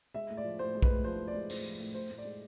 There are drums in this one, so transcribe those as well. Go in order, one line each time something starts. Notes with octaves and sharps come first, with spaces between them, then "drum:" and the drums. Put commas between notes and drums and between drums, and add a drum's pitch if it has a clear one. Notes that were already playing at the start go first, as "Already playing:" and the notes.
G#3 E5
A2
D5
F3
A2 C5
G#3
B4, drum: kick
A2
F3 C5
A2
D5
G#3
A2 C5, drum: open hi-hat
F3
A2
A2 C5
A2
D5
G#3